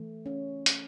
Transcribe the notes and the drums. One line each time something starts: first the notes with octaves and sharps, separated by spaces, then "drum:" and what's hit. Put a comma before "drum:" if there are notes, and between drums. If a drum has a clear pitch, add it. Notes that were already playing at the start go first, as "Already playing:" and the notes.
Already playing: E3 A3
C#4
drum: hi-hat